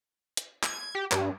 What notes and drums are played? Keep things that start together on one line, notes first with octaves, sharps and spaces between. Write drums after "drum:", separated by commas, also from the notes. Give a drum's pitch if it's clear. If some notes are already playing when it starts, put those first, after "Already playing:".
drum: hi-hat
G#6, drum: clap
G4
G2, drum: clap